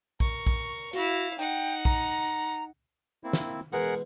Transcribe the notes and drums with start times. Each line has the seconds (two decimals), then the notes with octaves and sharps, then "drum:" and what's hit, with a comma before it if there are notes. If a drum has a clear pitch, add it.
0.20 A#4 C#6, drum: kick A#1
0.47 drum: kick A#1
0.93 E4 F#4 F5, drum: hi-hat
1.38 D#4 F#5 G5
1.85 A#5, drum: kick A#1
3.24 A#3 C4 E4
3.33 drum: snare
3.73 B2 E3 G#3 G#4 A#4 F#5